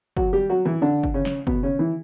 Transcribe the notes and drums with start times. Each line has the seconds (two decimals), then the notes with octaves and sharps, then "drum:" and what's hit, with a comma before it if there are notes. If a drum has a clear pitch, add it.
0.17 F#3 F#4, drum: kick
0.33 G3 G4
0.50 F#3 F#4
0.65 E3 E4
0.82 D3 D4
1.03 drum: kick
1.14 C#3 C#4
1.25 drum: snare
1.47 B2 B3, drum: kick
1.63 C#3 C#4
1.79 E3 E4